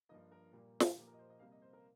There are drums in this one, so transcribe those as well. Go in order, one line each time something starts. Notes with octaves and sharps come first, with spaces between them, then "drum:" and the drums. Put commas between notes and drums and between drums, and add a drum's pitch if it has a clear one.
G2 F3 A#3 D#5
A#4
A#2 G3 A#3
drum: snare
A#2 F3 A#3 G4
A#4
D#5
C5
D#5
C3 G3 A#3 F5
D#5
C5
A#4